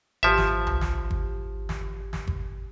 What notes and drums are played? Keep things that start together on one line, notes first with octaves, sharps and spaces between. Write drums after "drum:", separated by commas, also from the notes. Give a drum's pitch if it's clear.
G#1 F3 G4 E5
drum: snare
drum: tom C2
drum: snare
drum: kick G1
drum: snare
drum: snare
drum: kick G1